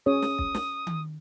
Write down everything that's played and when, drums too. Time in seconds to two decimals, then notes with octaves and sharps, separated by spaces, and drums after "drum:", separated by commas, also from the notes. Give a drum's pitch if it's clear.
0.06 C#4 G#4 C#5 D#6
0.22 drum: snare
0.38 drum: kick
0.55 drum: snare
0.87 drum: tom D#3